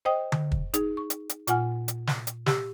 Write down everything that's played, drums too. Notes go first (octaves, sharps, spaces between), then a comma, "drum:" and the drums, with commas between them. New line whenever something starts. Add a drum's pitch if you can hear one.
C5 D#5 G5 D#6
drum: tom D3
drum: kick
D#4 G#4, drum: hi-hat
C#6
drum: hi-hat
drum: hi-hat
A#2 F4 F#5 G#5 F6, drum: hi-hat
drum: hi-hat
drum: snare
drum: hi-hat
G4 E6, drum: snare